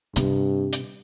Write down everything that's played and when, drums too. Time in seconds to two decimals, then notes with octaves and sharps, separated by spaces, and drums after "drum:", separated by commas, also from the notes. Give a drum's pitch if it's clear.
0.16 G2 C3, drum: hi-hat
0.73 drum: hi-hat